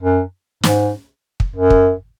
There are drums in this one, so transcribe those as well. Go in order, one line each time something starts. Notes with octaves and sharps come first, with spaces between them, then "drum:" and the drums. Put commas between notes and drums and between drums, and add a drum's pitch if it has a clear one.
F#2
G#2, drum: snare
drum: kick
F#2
drum: kick